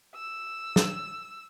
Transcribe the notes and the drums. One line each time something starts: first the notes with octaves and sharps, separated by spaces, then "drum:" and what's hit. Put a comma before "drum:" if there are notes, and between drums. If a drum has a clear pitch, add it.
E6
drum: snare